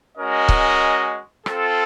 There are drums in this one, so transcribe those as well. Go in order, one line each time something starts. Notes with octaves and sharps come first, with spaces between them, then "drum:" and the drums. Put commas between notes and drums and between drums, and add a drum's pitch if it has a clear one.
G#3 C#4 F#4 A#4 D#5
drum: kick C#1
C4 F4 A4, drum: rim click